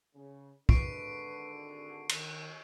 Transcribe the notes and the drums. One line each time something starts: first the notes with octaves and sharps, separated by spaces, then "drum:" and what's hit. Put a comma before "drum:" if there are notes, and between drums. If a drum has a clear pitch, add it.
C#3
G#1 D3 B4 C#6 C7 D7, drum: kick
D#3, drum: cymbal